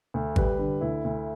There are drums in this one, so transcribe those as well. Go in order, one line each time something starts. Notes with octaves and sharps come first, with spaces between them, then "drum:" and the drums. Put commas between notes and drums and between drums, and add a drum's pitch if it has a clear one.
D2
G3 B4, drum: kick G#1
D3
D2 E4
D2